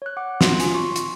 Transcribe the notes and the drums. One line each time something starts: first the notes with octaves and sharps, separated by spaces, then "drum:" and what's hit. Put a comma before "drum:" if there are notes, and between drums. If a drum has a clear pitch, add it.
C#5 F#6
F#5 D6
C6, drum: snare
F4 G#5, drum: hi-hat
C6 C#6
drum: hi-hat